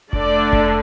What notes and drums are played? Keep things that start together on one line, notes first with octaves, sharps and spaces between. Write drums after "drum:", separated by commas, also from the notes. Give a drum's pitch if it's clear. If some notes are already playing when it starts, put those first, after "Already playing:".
D3 A3 D4 D5, drum: kick F1
drum: kick F1